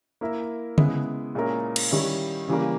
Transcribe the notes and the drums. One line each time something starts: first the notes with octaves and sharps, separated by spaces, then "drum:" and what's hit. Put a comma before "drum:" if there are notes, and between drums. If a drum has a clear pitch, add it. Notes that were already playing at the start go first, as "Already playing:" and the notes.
A#3 E4 A#4 E5
C#3 G#3 B3 E4, drum: tom C#3
A#2 G#3 C#4 E4 A#4
drum: cymbal
D#3 G3 C#4 E4
C#3 E3 G3 A#3